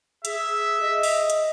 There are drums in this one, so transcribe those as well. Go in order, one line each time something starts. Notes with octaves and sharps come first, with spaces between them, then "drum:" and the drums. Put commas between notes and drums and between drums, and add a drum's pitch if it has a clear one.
G#4 E5, drum: hi-hat
D#5
drum: open hi-hat
drum: hi-hat